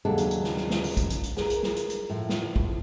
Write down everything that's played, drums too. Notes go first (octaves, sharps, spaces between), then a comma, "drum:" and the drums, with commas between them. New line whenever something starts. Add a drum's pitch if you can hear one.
D#2 C#3 F#3 G#3 D4 A4
drum: hi-hat
drum: hi-hat
drum: snare
drum: snare
drum: snare
drum: open hi-hat
drum: kick, hi-hat
drum: hi-hat
drum: hi-hat
G#4 A#4, drum: snare
drum: hi-hat
drum: snare
drum: hi-hat
drum: hi-hat
A2 F3
drum: snare
drum: kick